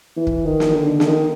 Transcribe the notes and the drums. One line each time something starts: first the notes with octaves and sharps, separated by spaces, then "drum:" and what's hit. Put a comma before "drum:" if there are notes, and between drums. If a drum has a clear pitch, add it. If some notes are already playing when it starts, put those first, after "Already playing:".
E3
drum: kick
D#3
drum: snare
D3
D3, drum: snare
D#3